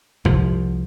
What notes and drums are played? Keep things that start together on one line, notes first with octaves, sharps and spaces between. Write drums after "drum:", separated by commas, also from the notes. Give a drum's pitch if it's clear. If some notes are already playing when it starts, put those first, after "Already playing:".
C2 F3, drum: kick G1